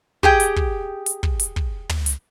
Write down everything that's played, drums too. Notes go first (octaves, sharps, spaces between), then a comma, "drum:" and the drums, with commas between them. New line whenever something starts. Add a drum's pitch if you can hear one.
G4 G#4 G5, drum: kick
drum: hi-hat
drum: kick
drum: hi-hat
drum: kick
drum: hi-hat
drum: kick
drum: tom
drum: hi-hat